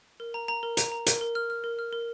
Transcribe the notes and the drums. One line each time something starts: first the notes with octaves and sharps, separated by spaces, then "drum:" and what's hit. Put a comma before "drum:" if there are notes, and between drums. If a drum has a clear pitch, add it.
A#4
A#5
A#5
A#4
A#5, drum: hi-hat
A#5
A#4, drum: hi-hat
A#4
F6
F6
A#4
F6
A#4